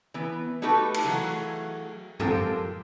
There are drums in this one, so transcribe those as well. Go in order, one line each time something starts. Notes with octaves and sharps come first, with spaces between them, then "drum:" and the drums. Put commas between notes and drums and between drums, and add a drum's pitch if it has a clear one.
E3 B3
A3 D#4 F#4 G4 A4 B4
drum: cymbal
E3 F#3 A3 G#4
G#3 C4 F4 G4 A4 A#4, drum: tom F#2